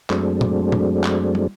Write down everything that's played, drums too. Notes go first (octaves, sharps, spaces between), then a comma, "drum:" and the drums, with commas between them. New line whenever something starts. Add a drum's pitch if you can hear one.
F#2 F#3 G#3 A3 C4 D4, drum: clap
drum: tom
drum: tom
drum: clap
drum: tom